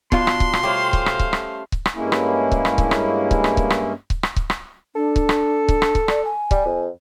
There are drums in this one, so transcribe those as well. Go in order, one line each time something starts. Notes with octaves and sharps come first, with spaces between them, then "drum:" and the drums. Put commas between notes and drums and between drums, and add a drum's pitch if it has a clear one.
B2 D4 F4 C6, drum: kick C#1
drum: rim click
drum: kick C#1
drum: rim click
G3 A3 C#4 C5 F5
drum: kick C#1
drum: rim click
drum: kick C#1
drum: rim click
drum: kick C#1
drum: rim click
G2 G#3 A#3 C#4 E4
drum: rim click
drum: kick C#1
drum: rim click
drum: kick C#1
drum: rim click
drum: kick C#1
drum: rim click
drum: kick C#1
drum: rim click
drum: kick C#1
drum: rim click
drum: kick C#1
drum: rim click
D4 A4
drum: kick C#1
drum: rim click
drum: kick C#1
drum: rim click
drum: kick C#1
D5, drum: rim click
G#5
G3, drum: kick C#1
F2